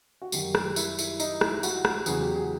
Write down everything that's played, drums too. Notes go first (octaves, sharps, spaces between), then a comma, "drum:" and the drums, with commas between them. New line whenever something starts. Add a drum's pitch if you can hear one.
F#4
F#2 D#3 G3 G4, drum: tambourine
drum: rim click
E4, drum: tambourine
E4, drum: tambourine
D#4, drum: tambourine
E4, drum: rim click
F#4, drum: tambourine
drum: rim click
E2 C#3 F#3 G#4, drum: tambourine
G4
G#4